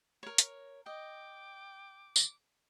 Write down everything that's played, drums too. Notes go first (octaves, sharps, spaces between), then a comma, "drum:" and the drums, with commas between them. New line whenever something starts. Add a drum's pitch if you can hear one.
A#4 C#5
drum: hi-hat
D#5 G5 D6
drum: tambourine